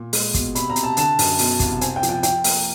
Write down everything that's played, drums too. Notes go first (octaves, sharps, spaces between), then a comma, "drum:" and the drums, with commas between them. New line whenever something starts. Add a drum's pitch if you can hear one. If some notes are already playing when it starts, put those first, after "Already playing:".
Already playing: A#2
G#3, drum: open hi-hat
B2, drum: kick, hi-hat
C3 B5, drum: hi-hat
A#5
C3, drum: hi-hat
A5
D3 A5, drum: hi-hat
F#2, drum: open hi-hat
B2, drum: open hi-hat
C2, drum: kick, hi-hat
C4 G#5, drum: hi-hat
G5
F3, drum: hi-hat
G5
F3 G5, drum: hi-hat
A#3, drum: open hi-hat